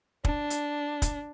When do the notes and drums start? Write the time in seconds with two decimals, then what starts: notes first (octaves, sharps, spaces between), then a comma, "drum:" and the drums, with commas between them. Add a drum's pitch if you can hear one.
0.25 D4, drum: kick
0.50 drum: hi-hat
1.02 drum: kick, hi-hat